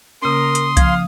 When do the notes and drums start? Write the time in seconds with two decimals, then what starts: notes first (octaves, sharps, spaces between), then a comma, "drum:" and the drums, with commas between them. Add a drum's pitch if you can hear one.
0.22 C#3 A#3 C#4 A#4 C6 D#6
0.55 drum: hi-hat
0.77 F3 F5, drum: kick C2, hi-hat